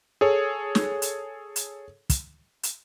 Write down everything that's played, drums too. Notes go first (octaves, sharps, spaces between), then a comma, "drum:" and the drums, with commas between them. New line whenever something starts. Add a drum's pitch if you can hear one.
G#4 A4 C#5
drum: snare
drum: hi-hat
drum: hi-hat
drum: kick, hi-hat
drum: hi-hat